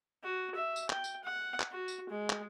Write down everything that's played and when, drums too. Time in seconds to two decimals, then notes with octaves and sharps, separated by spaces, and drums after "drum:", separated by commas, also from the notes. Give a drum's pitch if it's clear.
0.24 F#4
0.55 E5
0.76 drum: tambourine
0.90 G5, drum: clap
1.04 drum: tambourine
1.24 F#5
1.60 drum: clap
1.72 F#4
1.88 drum: tambourine
2.10 G#3
2.30 drum: clap